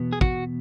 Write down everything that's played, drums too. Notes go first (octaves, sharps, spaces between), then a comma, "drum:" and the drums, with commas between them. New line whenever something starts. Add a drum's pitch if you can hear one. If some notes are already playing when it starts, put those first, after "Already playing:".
Already playing: E2 B2 B3
G#4
F#4, drum: kick